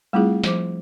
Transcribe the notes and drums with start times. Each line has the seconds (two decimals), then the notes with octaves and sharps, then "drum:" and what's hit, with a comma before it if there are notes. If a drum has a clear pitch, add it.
0.13 G3 A3 C4 E4 F4 G#4
0.44 F3 C5 D6, drum: snare